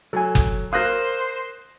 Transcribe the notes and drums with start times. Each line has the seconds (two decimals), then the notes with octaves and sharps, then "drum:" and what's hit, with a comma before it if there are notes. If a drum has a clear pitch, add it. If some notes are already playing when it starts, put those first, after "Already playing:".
0.13 F#3 A4 G#5
0.35 drum: kick F#1
0.73 A#4 C5 F5 D#6 F#6 A#6